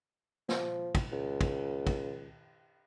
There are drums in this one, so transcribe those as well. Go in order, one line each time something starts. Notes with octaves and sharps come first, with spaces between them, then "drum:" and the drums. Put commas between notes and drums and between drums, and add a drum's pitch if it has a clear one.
F3, drum: snare
drum: kick, cymbal
C#2
drum: kick, cymbal
drum: kick, cymbal